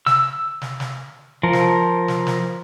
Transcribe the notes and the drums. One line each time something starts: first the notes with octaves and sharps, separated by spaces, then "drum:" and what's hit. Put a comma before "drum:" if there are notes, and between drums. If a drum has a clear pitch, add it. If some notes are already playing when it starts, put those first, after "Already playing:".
E6, drum: snare
drum: snare
drum: snare
F3 A#4
drum: snare
drum: snare
drum: snare